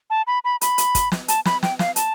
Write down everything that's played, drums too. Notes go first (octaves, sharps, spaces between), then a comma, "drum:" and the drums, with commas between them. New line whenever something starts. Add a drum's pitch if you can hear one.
A5
B5
B5
B5, drum: hi-hat
drum: hi-hat
drum: kick, hi-hat
drum: snare
A5, drum: hi-hat
B5, drum: snare
G5, drum: snare
F5, drum: snare
A5, drum: hi-hat